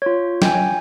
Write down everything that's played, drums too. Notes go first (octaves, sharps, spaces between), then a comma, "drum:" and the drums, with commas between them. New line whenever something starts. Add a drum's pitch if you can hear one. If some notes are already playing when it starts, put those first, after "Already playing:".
F4 C#5
G5 G#5, drum: snare